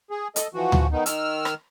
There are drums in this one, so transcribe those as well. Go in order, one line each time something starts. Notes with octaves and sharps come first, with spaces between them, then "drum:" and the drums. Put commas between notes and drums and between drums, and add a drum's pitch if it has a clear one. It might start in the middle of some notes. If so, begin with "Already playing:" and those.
G#4
A4 D#5, drum: hi-hat
E3 F3 F#4
drum: tom D2
D#3 B3 D#4
D#3 E6 F6, drum: hi-hat
drum: rim click